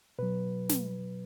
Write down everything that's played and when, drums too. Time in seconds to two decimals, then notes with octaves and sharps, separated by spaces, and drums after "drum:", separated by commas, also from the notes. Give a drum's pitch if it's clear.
0.19 B2 F#3 B4
0.69 drum: snare